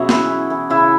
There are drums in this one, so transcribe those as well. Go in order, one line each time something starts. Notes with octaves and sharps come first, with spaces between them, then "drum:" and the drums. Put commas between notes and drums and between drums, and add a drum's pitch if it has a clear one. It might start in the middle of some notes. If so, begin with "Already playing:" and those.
Already playing: B2 F#3 C#4 F#4 G#4 E5
E3, drum: snare
E4
E3
C#3 E4